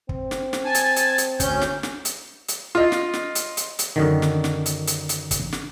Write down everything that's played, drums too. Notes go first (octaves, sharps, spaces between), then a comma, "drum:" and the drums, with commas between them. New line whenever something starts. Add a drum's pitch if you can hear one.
C4, drum: kick
drum: snare
drum: snare
G#5 A5
drum: hi-hat
drum: hi-hat
drum: hi-hat
D2 C#4 G6, drum: kick, hi-hat
drum: snare
drum: snare
drum: hi-hat
drum: hi-hat
F4 D#5
drum: snare
drum: snare
drum: hi-hat
drum: hi-hat
drum: hi-hat
F#2 D3 D#3
drum: snare
drum: snare
drum: hi-hat
drum: hi-hat
drum: hi-hat
drum: kick, hi-hat
drum: snare